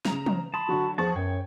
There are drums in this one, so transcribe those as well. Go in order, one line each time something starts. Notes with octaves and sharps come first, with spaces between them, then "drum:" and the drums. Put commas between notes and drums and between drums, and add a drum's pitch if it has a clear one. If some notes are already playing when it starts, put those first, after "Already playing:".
C#3 A#5 F7, drum: snare
drum: tom
A5 B5 C6 D#6
D3 F#3 F#4
E2 F3 G#4 A5 C#6
F#2 C#5 G5